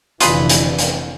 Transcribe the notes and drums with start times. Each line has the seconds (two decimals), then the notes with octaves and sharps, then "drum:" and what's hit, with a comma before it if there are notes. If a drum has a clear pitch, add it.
0.20 F1 D3 E3 F4 G#4 B4, drum: hi-hat
0.49 drum: hi-hat
0.79 drum: hi-hat